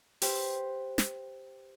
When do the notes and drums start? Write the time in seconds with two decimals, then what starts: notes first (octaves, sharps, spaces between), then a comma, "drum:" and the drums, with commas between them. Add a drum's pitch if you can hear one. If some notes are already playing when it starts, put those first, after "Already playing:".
0.22 G4 B4 C5, drum: open hi-hat
0.98 drum: snare